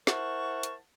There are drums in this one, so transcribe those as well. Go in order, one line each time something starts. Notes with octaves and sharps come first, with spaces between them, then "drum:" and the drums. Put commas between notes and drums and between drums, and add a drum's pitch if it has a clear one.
E4 A#4 C5 F#5 A5 C#6, drum: snare
drum: hi-hat